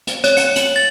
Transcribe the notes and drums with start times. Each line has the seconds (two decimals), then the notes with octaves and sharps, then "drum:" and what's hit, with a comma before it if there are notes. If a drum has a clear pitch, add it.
0.07 drum: hi-hat
0.24 C#5, drum: hi-hat
0.37 C#7, drum: hi-hat
0.56 F#7, drum: hi-hat
0.76 A6